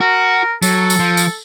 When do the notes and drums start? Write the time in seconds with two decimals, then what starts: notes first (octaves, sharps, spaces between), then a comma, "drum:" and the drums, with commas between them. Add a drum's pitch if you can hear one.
0.01 F#4 A#4
0.62 F#3 A4, drum: tambourine
0.90 drum: tambourine
0.99 F3
1.17 drum: tambourine